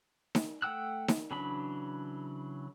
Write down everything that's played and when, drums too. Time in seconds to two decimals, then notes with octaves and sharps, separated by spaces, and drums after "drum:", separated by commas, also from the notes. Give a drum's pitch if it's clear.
0.35 drum: snare D#4
0.62 A3 F#5 G5 E6 F#6
1.08 drum: snare D#4
1.31 C#3 E3 F#3 D4 B5